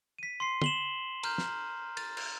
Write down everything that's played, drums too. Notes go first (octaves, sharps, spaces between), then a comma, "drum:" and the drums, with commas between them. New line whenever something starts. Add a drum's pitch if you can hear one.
B6 D#7
C6 C7
E7 F#7 G7, drum: tom
A#5 F6 G6, drum: cymbal
drum: snare
A6, drum: cymbal
drum: cymbal